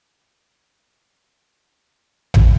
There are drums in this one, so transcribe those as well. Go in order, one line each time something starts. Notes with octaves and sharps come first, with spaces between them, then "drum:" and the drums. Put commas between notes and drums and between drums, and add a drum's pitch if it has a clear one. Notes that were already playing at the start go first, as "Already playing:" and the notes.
G#2 D#3
drum: tom A1